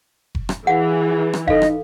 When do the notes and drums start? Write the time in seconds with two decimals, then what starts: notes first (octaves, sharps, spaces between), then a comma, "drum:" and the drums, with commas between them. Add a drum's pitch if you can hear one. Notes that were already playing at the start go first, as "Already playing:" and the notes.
0.35 drum: kick F1
0.49 drum: rim click
0.67 E3 G#4 F5 F#5
1.33 drum: rim click
1.48 D#4 A4 D#5 F5, drum: kick F1
1.62 drum: rim click